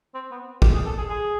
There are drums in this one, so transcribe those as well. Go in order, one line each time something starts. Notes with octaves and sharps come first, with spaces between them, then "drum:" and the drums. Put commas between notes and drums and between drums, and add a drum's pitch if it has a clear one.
C4
B3
G4, drum: kick
G#4
A4
G#4
G#4